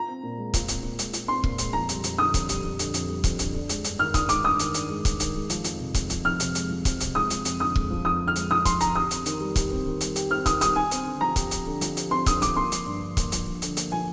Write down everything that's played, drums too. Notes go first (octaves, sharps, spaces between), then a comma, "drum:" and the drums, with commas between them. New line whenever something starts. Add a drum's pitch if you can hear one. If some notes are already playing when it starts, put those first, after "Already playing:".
Already playing: F4 A#5
C4
A#2
G#3
F4, drum: kick, hi-hat
C4, drum: hi-hat
A#2
G#3, drum: hi-hat
F4, drum: hi-hat
C4 C6
A#2, drum: kick
G#3, drum: hi-hat
F2 A#5
G3, drum: hi-hat
F2, drum: hi-hat
D3 D#6
F2, drum: kick, hi-hat
G3, drum: hi-hat
F2
D3, drum: hi-hat
F2, drum: hi-hat
G3
F2, drum: kick, hi-hat
D3, drum: hi-hat
D4
G#3, drum: hi-hat
G2, drum: hi-hat
D#3 F6
D4 D#6, drum: kick, hi-hat
G#3 D6, drum: hi-hat
G2 D#6
D#3, drum: hi-hat
D4, drum: hi-hat
G#3
G2, drum: kick, hi-hat
D#3, drum: hi-hat
G#3
F3, drum: hi-hat
F2, drum: hi-hat
C3
G#3, drum: kick, hi-hat
F3, drum: hi-hat
F2 F6
C3, drum: hi-hat
G#3, drum: hi-hat
F3
F2, drum: kick, hi-hat
C3, drum: hi-hat
G#3 D#6
F3, drum: hi-hat
F2, drum: hi-hat
D3 D#6
G#3, drum: kick
F3
F2 D#6
D3
F6
G#3, drum: hi-hat
F3 D#6
F2 C6, drum: kick, hi-hat
D3 A#5, drum: hi-hat
G4 D#6
C4, drum: hi-hat
D#3, drum: hi-hat
G3
G4, drum: kick, hi-hat
C4
D#3
G3, drum: hi-hat
G4, drum: hi-hat
C4 F6
D#3 D#6, drum: kick, hi-hat
G3 D#6, drum: hi-hat
G4 G#5
C4, drum: hi-hat
D3
F3 A#5
G4, drum: kick, hi-hat
C4, drum: hi-hat
D3
F3, drum: hi-hat
G4, drum: hi-hat
C4 C6
D3 D#6, drum: kick, hi-hat
F3 D6, drum: hi-hat
A#3 C6
F3, drum: hi-hat
G2
D3
A#3, drum: kick, hi-hat
F3, drum: hi-hat
G2
D3, drum: hi-hat
A#3, drum: hi-hat
F3 G#5